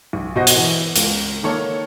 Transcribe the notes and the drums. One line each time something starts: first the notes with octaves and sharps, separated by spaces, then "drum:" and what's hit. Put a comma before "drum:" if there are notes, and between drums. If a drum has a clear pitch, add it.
B1
B2 F#4 C5 D#5 F#5 A#6
drum: hi-hat
E3
C#2, drum: hi-hat
D#3 A#3 A4 C#5